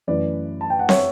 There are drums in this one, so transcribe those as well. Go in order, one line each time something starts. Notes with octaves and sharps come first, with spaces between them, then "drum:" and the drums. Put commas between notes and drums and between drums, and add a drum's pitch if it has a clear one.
F#2 E3 A3 B4 D5
A5
G5
F#5
C#5 E5, drum: snare C4